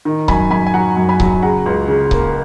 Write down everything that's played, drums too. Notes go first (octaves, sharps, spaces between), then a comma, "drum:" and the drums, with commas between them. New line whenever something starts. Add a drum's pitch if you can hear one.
D#3
F#2 G#5 B5, drum: kick C#1
F#2 G#5 B5
G#5
F#3 F#5 A#5
F#2
G#5 B5
F#3, drum: kick C#1
C#3 F#5 A#5
C#2
C#3
A#3, drum: kick C#1